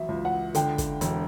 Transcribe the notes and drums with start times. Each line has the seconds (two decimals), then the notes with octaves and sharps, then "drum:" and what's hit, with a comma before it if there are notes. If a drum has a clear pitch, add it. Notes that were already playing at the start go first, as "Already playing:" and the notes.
Already playing: A1 F#3 E5
0.08 C#2
0.25 F#5
0.55 D3 G5, drum: hi-hat
0.78 drum: kick, hi-hat
1.01 E1, drum: hi-hat